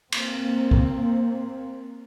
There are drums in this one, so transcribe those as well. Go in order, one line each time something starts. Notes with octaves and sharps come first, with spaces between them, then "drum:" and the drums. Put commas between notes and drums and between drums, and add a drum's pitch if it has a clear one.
A#3 C4, drum: cymbal
drum: kick